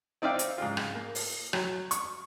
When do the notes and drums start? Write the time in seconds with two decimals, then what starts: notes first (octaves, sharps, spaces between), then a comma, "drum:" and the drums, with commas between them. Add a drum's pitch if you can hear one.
0.22 C4 D#4 D5 E5 F5 G5
0.39 drum: hi-hat
0.58 G#2 C#3 F4
0.77 drum: rim click
0.95 A#3
1.15 drum: open hi-hat
1.53 F#3, drum: rim click
1.91 C#6, drum: hi-hat